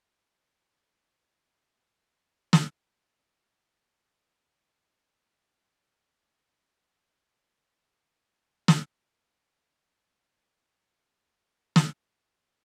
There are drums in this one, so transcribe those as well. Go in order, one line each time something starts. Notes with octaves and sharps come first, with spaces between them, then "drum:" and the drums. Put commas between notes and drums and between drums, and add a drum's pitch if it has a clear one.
A4 D6 D#6
G4 G#4 F5 G5 G#5
B3 D#4 G#4 B4
drum: snare
G3 G#3 E4
B4
A#4
C#5
F4
G#2 A6
G2
G3 G#5
drum: snare
C3 A#3
D2
C3 E3 F3
drum: snare
B2 D#3 G#3
G#1 G#3